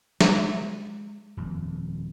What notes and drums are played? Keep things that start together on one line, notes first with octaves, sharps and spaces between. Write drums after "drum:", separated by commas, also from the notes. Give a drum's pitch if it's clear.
G#3, drum: snare
D#1 F2